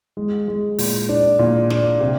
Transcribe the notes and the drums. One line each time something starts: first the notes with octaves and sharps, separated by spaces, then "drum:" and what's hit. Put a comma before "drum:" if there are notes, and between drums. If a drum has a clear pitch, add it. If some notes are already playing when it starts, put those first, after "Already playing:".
G#3
G#3
A#2, drum: open hi-hat
D4
A#2
D4, drum: snare
C3